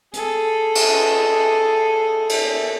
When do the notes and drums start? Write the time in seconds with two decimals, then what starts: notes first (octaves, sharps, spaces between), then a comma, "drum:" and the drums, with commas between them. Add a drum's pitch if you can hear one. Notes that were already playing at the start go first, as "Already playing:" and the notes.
0.13 G#4 A4, drum: hi-hat
0.75 drum: cymbal
2.29 drum: cymbal